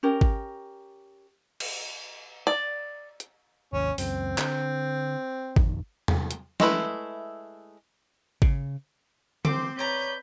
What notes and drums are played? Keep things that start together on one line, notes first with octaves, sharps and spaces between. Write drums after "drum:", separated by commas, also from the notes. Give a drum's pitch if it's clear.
C#4 G4 A#4
drum: kick G#1
drum: cymbal
D5
drum: hi-hat
G#1 D#2 C#4
C#2 F#2 C4, drum: open hi-hat
D3, drum: clap
A#1 F2 D#3, drum: kick G#1
drum: tom
drum: hi-hat
G#3 A3 E4 B4, drum: snare
C#3, drum: kick G#1
C4 C5 D6, drum: tom D3
B4 C#5 D5 A#5 G6